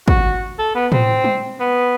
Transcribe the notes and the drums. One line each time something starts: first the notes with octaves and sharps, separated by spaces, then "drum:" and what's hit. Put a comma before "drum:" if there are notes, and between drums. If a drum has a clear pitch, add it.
F#4, drum: kick
A4
B3
C4, drum: tom A2
drum: tom G3
B3